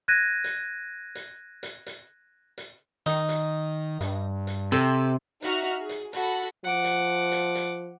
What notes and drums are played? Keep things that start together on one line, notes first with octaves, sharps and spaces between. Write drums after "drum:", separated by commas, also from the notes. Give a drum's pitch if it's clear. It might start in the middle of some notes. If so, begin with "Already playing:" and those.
F#6 G#6 A#6 D#7
drum: hi-hat
drum: hi-hat
drum: hi-hat
drum: hi-hat
drum: hi-hat
D#3 D#4, drum: hi-hat
drum: hi-hat
G2, drum: hi-hat
drum: hi-hat
C3 A4, drum: hi-hat
D#4 F#4 E5 F6, drum: hi-hat
G#4
drum: hi-hat
F#4 A4 F#5 B5, drum: hi-hat
F3 F#5 D6
drum: hi-hat
drum: hi-hat
drum: hi-hat